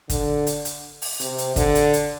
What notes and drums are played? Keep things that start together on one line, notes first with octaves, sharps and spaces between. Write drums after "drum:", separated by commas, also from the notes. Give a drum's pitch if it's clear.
D3, drum: kick, hi-hat
drum: hi-hat
drum: hi-hat
drum: open hi-hat
C3, drum: hi-hat
drum: hi-hat
D3, drum: kick, hi-hat
drum: hi-hat
drum: hi-hat